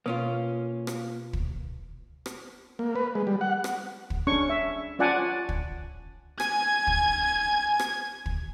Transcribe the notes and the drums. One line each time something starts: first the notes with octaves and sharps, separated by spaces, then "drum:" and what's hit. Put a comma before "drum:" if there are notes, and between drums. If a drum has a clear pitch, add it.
B2 A#3 C#4 F4
drum: rim click
drum: kick
drum: rim click
A#3
B4
G#3
G3
F#5
drum: rim click
drum: kick
C#4 D4 C#6
E5
C#4 F4 D5 F#5 G#5 A5
drum: kick
G#5 G#6, drum: rim click
drum: kick
drum: rim click
drum: kick